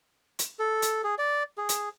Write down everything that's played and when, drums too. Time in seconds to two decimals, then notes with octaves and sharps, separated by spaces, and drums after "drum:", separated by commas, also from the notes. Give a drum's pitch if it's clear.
0.39 drum: hi-hat
0.59 A4
0.82 drum: hi-hat
1.04 G#4
1.18 D5
1.58 G#4
1.69 drum: hi-hat